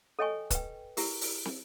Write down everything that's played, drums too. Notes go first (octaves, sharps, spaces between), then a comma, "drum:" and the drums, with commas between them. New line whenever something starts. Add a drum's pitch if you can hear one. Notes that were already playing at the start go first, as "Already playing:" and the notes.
A4 C#5 D#5 G5 G#5 C#6
B4 G5, drum: kick, hi-hat
E4 G4 A#4, drum: open hi-hat
drum: open hi-hat
drum: snare